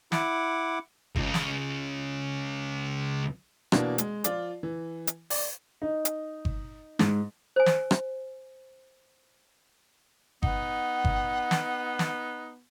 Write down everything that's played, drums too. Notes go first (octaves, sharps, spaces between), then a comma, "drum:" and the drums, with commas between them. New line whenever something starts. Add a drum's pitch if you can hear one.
E4 F#5 D6, drum: snare
C#2 C#3, drum: kick G1
drum: snare
B2 E3 A#3 D4, drum: rim click
G#3, drum: hi-hat
F3 F4 D5, drum: hi-hat
E3
drum: hi-hat
D5, drum: open hi-hat
D#4
drum: hi-hat
drum: kick G1
G#2, drum: snare
C5 G#5
drum: snare
drum: rim click
B3 D#4 F#5, drum: kick G1
drum: kick G1
drum: snare
drum: snare